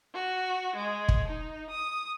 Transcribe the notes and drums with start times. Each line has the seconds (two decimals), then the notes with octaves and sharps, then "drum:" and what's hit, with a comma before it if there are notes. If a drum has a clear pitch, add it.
0.14 F#4
0.75 G#3
1.09 drum: kick
1.27 D#4
1.70 D#6